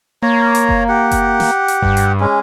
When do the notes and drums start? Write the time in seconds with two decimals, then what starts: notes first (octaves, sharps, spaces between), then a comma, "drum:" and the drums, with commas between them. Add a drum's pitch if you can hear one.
0.23 A#3 C#5 A#5
0.55 drum: hi-hat
0.69 drum: kick F#1
0.89 G4 F#5
1.11 drum: kick F#1, hi-hat
1.40 drum: snare
1.68 drum: hi-hat
1.82 G2, drum: kick F#1
1.97 drum: hi-hat
2.20 G#3 C#4